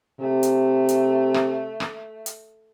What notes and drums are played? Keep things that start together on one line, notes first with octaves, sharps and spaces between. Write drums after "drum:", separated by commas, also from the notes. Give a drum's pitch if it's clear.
C3 A3
drum: hi-hat
drum: hi-hat
drum: rim click
drum: rim click
drum: hi-hat